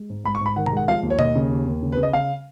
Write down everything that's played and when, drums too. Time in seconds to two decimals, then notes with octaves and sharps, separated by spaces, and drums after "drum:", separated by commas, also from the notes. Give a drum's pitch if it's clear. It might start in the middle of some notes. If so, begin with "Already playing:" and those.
Already playing: G#3
0.10 G#2
0.24 G#2 B5
0.35 C#6
0.41 G#2 B5
0.56 D#3 F#5
0.66 A#5, drum: tom B2
0.72 G#3 F#5
0.88 F3 F5
1.03 D#2
1.10 C#5
1.19 D#2 D#5, drum: tom B2
1.36 C#3
1.50 D#2
1.67 D#2
1.83 C#3
1.92 B4
1.97 C#3
2.03 D#5
2.13 C#3 F5